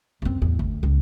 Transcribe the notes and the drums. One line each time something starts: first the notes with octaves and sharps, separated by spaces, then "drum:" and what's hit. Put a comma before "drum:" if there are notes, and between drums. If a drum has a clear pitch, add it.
F#2 C4
E2 A2
D2, drum: kick G1
C#2